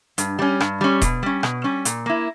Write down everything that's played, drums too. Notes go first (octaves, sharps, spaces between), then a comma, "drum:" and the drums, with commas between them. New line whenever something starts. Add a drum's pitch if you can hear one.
G2, drum: hi-hat
G3 C#4
G2, drum: rim click
G3 C#4
B2, drum: kick D#1, hi-hat
G3 C#4
B2, drum: rim click
G3 C#4
A#2, drum: hi-hat
A#3 E4